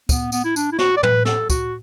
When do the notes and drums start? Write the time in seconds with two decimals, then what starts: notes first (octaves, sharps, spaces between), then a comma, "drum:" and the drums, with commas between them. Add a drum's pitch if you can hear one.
0.09 B3, drum: kick, tambourine
0.32 B3, drum: tambourine
0.44 E4
0.56 D4, drum: tambourine
0.72 E4
0.78 F#4, drum: snare
0.97 D5
1.03 B4, drum: tom
1.25 A4, drum: snare
1.50 F#4, drum: kick, tambourine